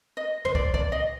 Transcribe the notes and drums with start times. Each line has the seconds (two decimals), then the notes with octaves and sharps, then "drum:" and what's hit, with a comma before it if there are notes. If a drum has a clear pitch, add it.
0.17 D#5
0.45 C5, drum: tom
0.55 D5, drum: kick
0.74 D5, drum: kick
0.92 D#5